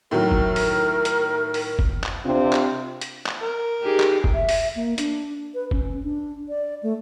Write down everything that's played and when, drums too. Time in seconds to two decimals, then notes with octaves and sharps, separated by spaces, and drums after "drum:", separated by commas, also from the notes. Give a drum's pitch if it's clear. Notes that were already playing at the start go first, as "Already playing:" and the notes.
0.11 A2 D#3 F#3 A#4
0.32 drum: kick F#1
0.56 drum: open hi-hat
1.05 drum: hi-hat
1.54 drum: open hi-hat
1.79 drum: kick F#1
2.03 drum: clap
2.26 C3 C4 D4 F4
2.52 drum: clap
3.01 drum: hi-hat
3.26 drum: clap
3.43 A#4
3.82 D#4 G4 G#4
4.00 drum: clap
4.24 drum: kick F#1
4.34 E5
4.49 drum: open hi-hat
4.76 A#3
4.98 D4, drum: hi-hat
5.54 B4
5.71 C#4, drum: kick F#1
6.03 D4
6.49 D5
6.83 A3